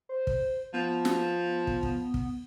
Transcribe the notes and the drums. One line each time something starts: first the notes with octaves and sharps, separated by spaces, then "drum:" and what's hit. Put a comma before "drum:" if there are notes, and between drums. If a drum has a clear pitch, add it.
C5
drum: kick
F3 B3
drum: snare
drum: kick
drum: kick
drum: kick